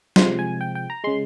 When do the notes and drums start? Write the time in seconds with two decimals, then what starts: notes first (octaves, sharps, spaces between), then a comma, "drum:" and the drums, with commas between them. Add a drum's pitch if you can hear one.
0.16 C3 F3 G#3 C6, drum: snare
0.39 G#5
0.61 G5
0.75 G5
0.90 A#5
1.04 C#3 G#3 C6